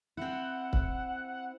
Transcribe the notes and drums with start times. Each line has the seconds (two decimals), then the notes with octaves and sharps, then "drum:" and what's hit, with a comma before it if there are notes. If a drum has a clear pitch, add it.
0.17 C4 E4 F#5
0.73 drum: kick C#1